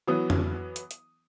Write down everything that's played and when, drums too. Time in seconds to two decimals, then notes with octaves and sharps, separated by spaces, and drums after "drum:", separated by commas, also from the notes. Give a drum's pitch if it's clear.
0.07 E3 F#3 B3 D#6
0.30 drum: tom F2
0.76 drum: hi-hat
0.91 drum: hi-hat